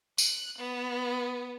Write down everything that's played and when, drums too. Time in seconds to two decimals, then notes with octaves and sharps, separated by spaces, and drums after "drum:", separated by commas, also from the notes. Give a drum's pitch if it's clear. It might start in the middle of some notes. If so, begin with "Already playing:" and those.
0.18 F#6, drum: tambourine
0.58 B3